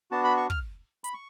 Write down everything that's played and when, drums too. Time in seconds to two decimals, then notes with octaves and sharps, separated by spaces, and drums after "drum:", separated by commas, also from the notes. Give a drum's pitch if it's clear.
0.11 B3 D4 F#4 A5
0.24 B5
0.37 C#6
0.50 F6, drum: kick
1.04 B5, drum: hi-hat
1.14 C#6